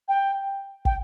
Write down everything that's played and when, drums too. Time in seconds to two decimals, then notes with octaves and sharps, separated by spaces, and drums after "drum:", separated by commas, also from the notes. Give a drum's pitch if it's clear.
0.08 G5
0.85 G5, drum: kick